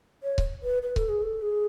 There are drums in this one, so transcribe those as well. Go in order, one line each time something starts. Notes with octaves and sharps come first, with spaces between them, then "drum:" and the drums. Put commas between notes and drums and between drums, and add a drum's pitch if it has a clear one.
C#5
drum: kick C#1
B4
B4
A4, drum: kick C#1
G#4
A4
G#4